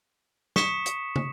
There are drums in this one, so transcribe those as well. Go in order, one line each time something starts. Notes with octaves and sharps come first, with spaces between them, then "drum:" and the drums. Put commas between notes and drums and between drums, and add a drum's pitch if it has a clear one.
C#6 D#6 B6 C#7 E7, drum: snare
drum: hi-hat
drum: tom